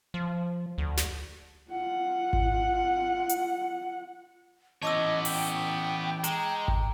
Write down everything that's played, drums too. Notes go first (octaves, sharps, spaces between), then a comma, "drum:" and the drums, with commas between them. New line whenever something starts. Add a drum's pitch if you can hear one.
F3
D2
drum: snare
F4 F#5
drum: kick G#1
drum: hi-hat
E3 B3 C#4 C#5 D#5 A5 D6 E6
G5, drum: open hi-hat
G#3 A#5, drum: hi-hat
drum: kick G#1